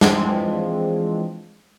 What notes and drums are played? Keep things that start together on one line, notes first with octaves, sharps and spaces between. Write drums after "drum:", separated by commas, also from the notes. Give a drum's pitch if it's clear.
E3 F3 G#3 C4 D4 F4, drum: snare